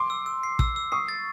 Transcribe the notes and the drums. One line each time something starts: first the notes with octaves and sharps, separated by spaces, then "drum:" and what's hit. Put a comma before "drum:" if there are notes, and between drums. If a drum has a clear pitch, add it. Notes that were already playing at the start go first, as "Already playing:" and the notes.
Already playing: C6 D6
E6
E6
C7
E6, drum: kick
E6
C#6 D#6 C7
A6